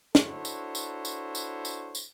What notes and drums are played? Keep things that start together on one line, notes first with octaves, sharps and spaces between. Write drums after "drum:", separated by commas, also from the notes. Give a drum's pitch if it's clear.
D4 E4 F#4 A4 C5 C#5, drum: snare
drum: tambourine
drum: tambourine
drum: tambourine
drum: tambourine
drum: tambourine
drum: tambourine